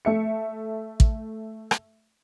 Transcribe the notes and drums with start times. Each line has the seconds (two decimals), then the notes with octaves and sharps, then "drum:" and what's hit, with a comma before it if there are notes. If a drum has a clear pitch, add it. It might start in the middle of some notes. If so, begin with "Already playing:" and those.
0.05 A3 E5 C#7
1.00 drum: kick
1.71 drum: rim click